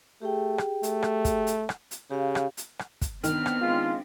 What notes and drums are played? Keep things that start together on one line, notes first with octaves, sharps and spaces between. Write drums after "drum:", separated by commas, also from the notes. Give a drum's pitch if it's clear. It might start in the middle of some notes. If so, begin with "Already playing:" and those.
A3 G4 G#4 G5
drum: rim click
A3, drum: hi-hat
drum: rim click
drum: kick, hi-hat
drum: hi-hat
drum: rim click
drum: hi-hat
C#3 G4 F5
drum: rim click
drum: hi-hat
drum: rim click
drum: kick, hi-hat
D#3 B3 C4 D4 F6, drum: hi-hat
drum: rim click
G#3 F4